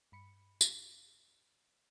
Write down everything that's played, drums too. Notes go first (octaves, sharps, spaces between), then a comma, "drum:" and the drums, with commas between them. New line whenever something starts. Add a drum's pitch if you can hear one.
G2 B5 C#7
drum: tambourine